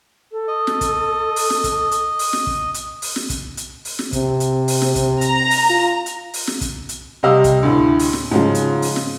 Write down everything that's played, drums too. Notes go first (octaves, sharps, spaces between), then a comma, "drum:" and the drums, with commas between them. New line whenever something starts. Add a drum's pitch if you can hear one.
A4
D#5
drum: snare
drum: kick, hi-hat
drum: open hi-hat
drum: snare
drum: kick, hi-hat
drum: hi-hat
drum: open hi-hat
drum: snare
drum: kick
drum: hi-hat
drum: open hi-hat
drum: snare
drum: kick, hi-hat
drum: hi-hat
drum: open hi-hat
drum: snare
C3, drum: kick, hi-hat
drum: hi-hat
drum: open hi-hat
drum: snare
drum: kick, hi-hat
A#5, drum: hi-hat
drum: open hi-hat
F4
drum: hi-hat
drum: open hi-hat
drum: snare
drum: kick, hi-hat
drum: hi-hat
C3 G3 G4 D#5 F5 E6
drum: kick, hi-hat
D2 A2
drum: open hi-hat
drum: snare
G#2 C#3 F3
drum: hi-hat
drum: open hi-hat
drum: snare